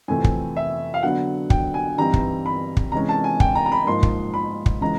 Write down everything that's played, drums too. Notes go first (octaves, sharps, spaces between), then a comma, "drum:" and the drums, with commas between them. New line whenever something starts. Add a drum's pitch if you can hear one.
F2 C3 E3 A3 C4 G#5
drum: kick
E5
F5
D3 F#3 B3 F#5
G5, drum: kick
G#5
G2 E3 G3 C4 D#4 A#5
drum: kick
B5
drum: kick
C3 E3 G#3 C#4 A#5
A5
G#5
G5, drum: kick
A#5
A#5
B5
G#2 F3 A#3 D#4 C6
drum: kick
B5
drum: kick
C#3 E3 G#3 A#5